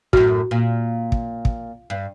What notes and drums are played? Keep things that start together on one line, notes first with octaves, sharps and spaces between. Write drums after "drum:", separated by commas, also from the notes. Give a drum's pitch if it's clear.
F#2 A2 F#4, drum: kick
A#2
drum: kick
drum: kick
G2